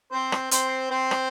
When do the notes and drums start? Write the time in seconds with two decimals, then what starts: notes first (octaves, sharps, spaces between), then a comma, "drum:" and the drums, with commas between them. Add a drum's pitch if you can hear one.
0.12 C4 C5
0.32 drum: rim click
0.51 C4 C5, drum: hi-hat
0.91 C4 C5
1.11 drum: rim click